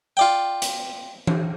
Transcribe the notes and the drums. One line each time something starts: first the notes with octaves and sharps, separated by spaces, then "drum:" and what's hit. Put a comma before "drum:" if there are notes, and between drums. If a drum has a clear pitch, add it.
F4 D5 G5
drum: hi-hat
drum: tom E3